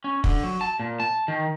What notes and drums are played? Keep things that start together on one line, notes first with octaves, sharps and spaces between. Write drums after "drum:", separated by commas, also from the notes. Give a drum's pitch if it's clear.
C#4
D3, drum: kick
F#3
A5
A#2
A5
D#3